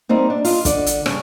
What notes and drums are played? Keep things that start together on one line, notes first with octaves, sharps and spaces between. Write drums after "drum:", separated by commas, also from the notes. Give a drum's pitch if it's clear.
G3 A#3 C4 D#4
D4
F4 D#5, drum: open hi-hat
D3 D5, drum: kick, hi-hat
drum: hi-hat
G2 C#3 C#4, drum: rim click